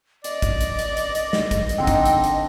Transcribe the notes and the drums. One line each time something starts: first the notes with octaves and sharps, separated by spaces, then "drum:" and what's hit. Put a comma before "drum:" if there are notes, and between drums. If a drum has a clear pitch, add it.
D5 D#5, drum: hi-hat
drum: kick, hi-hat
drum: hi-hat
drum: hi-hat
drum: hi-hat
drum: hi-hat
drum: snare
drum: kick, hi-hat
drum: hi-hat
D3 C4 D#4 G5
drum: kick, hi-hat
drum: hi-hat
drum: hi-hat